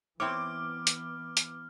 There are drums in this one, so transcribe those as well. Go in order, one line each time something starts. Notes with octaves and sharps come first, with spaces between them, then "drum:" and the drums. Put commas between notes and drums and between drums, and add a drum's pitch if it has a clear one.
E3 B3 C4 E4 C#5 D6 F6
drum: hi-hat
drum: hi-hat